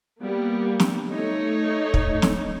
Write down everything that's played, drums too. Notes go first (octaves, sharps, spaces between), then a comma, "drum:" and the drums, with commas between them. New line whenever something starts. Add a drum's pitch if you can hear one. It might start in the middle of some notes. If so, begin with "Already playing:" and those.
G3 A#3 B3
drum: snare
A3 D#4 C#5
drum: kick
drum: snare